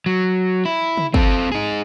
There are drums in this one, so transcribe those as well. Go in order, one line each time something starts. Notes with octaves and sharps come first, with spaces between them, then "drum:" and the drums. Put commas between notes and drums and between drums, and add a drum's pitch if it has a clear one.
F#3
E4
drum: tom
C4 A4, drum: kick
D#4 G#4